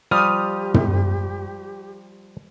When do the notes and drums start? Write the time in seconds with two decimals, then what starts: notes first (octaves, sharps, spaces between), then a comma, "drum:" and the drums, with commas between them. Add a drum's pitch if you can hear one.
0.11 F3 G3 G4 D#6 F6
0.74 drum: tom